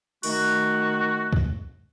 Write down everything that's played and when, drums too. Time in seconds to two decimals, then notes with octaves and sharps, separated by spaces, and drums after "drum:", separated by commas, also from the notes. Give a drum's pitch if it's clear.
0.23 D#3 A3 F#4, drum: open hi-hat
1.33 drum: kick